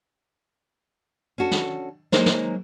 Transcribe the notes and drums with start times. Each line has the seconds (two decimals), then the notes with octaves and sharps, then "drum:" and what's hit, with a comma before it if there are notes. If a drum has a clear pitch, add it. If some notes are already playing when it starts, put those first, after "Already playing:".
1.38 C#4 D4 F#4 A4
1.51 drum: snare
2.12 F#3 G#3 A#3 D#4 A#4 C5, drum: snare
2.26 drum: snare